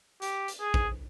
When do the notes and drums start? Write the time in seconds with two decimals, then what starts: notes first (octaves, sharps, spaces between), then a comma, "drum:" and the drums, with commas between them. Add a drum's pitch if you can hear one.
0.22 G4, drum: hi-hat
0.48 drum: hi-hat
0.61 G#4
0.74 drum: kick A1